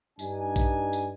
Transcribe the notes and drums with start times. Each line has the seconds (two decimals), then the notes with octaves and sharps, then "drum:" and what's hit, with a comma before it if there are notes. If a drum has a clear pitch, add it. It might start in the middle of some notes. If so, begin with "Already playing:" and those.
0.19 G2 D4 D#4 G#5, drum: tambourine
0.56 drum: kick A#1, tambourine
0.93 drum: tambourine